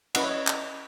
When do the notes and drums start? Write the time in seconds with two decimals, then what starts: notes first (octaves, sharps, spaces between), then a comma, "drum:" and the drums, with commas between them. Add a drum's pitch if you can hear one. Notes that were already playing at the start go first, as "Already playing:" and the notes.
0.15 C#4 E4 B4 D#5 F#5, drum: cymbal
0.23 C#5 E5
0.31 D#5
0.47 drum: clap